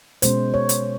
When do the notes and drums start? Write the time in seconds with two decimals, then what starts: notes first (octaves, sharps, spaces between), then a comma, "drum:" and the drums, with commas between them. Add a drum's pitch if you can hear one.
0.22 B2 G#3 C#4 C5, drum: hi-hat
0.54 C#5
0.69 drum: hi-hat